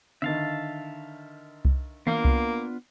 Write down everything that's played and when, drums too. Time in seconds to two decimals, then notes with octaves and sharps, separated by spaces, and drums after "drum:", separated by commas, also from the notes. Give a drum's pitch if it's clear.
0.22 D3 D#3 E5 F5 A5
1.65 drum: kick C2
2.07 A#3 B3 D4 F4 C7, drum: tom D#3
2.25 drum: kick C2